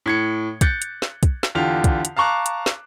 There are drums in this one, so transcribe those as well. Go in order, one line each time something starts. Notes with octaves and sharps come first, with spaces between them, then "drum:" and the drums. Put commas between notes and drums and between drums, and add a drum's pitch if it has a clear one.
A2 G#6 C#7
F#6 G6 A6 C#7, drum: kick, hi-hat
drum: hi-hat
drum: snare
drum: kick, hi-hat
drum: snare
E2 D3 F4 G4 F7
drum: kick, hi-hat
drum: hi-hat
F5 A5 A#5 C#6 D6 F#6
drum: hi-hat
drum: snare